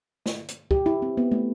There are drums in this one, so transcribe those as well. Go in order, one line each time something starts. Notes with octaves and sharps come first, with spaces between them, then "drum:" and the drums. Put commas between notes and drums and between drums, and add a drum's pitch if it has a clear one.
drum: snare
drum: hi-hat
G4, drum: kick
E4
C4
B3
A3